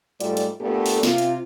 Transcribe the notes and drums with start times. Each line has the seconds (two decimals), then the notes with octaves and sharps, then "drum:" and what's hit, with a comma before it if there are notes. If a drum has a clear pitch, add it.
0.20 G#2 G3 A3 F4 D5, drum: hi-hat
0.37 drum: hi-hat
0.61 A#2 A3 B3 D4 G4 A4
0.86 drum: open hi-hat
1.03 C3 F4, drum: snare
1.18 drum: hi-hat